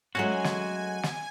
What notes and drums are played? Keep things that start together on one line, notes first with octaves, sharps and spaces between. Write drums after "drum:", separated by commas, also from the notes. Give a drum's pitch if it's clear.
F#3 G#3 A3 C#4 F#4 G#5
drum: snare
drum: snare